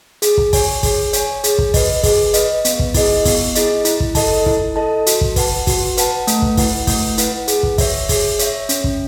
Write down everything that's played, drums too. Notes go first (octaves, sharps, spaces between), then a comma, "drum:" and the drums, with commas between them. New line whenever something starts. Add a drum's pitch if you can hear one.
G#4, drum: hi-hat
drum: kick
C#5 G#5, drum: kick, open hi-hat
G#4, drum: kick, open hi-hat
C#5 G#5, drum: hi-hat
G#4, drum: hi-hat
drum: kick
B4 D#5, drum: kick, open hi-hat
G#4, drum: kick, open hi-hat
B4 D#5, drum: hi-hat
B3, drum: hi-hat
drum: kick
E4 G#4 D#5, drum: kick, open hi-hat
B3, drum: kick, open hi-hat
E4 G#4 D#5, drum: hi-hat
E4, drum: hi-hat
drum: kick
A4 D#5 A5, drum: kick, open hi-hat
E4, drum: kick
A4 D#5 A5
F#4, drum: hi-hat
drum: kick
B4 F#5 A5, drum: kick, open hi-hat
F#4, drum: kick, open hi-hat
B4 F#5 A5, drum: hi-hat
A3, drum: hi-hat
drum: kick
E4 B4 F#5, drum: kick, open hi-hat
A3, drum: kick, open hi-hat
E4 B4 F#5, drum: hi-hat
G#4, drum: hi-hat
drum: kick
C#5 E5, drum: kick, open hi-hat
G#4, drum: kick, open hi-hat
C#5 E5, drum: hi-hat
C#4, drum: hi-hat
drum: kick